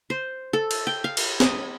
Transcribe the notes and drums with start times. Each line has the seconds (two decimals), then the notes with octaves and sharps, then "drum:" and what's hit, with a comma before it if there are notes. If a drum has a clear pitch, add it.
0.10 C5
0.53 A4
0.71 drum: cymbal
0.87 G5
1.04 F5
1.17 drum: cymbal
1.40 D#5, drum: snare